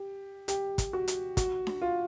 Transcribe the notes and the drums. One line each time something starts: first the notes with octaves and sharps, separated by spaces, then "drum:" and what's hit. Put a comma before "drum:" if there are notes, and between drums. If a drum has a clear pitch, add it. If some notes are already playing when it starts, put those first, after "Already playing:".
Already playing: G4
G4, drum: hi-hat
drum: kick, hi-hat
F#4
drum: hi-hat
F#4, drum: kick, hi-hat
drum: snare D4
F4